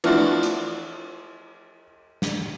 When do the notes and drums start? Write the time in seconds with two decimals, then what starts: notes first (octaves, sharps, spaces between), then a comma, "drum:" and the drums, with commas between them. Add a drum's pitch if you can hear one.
0.04 E3 F3 A3 D4 F4 F#4, drum: cymbal
0.43 drum: hi-hat
2.22 drum: snare